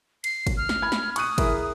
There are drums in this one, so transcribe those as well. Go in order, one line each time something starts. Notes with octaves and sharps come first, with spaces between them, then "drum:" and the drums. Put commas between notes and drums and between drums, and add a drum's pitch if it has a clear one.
C7, drum: cymbal
drum: kick, cymbal
F6
drum: snare
B5 G#6
drum: snare
C#6 D#6 F#6 D#7, drum: cymbal
E4 G#4 A#4, drum: kick, cymbal